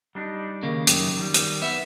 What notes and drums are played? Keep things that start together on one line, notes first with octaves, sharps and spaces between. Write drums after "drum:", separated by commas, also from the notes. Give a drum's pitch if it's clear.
G3 D4 D#4
D#2 C#3 A#3
F#2 D#3 G4, drum: hi-hat
D#3 G3
drum: hi-hat
B3 E5